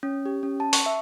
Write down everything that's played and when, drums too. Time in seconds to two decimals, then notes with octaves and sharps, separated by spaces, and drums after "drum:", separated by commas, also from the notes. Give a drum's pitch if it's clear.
0.03 C#4
0.25 G4
0.43 C#4
0.60 A5
0.73 C#6, drum: open hi-hat
0.86 E5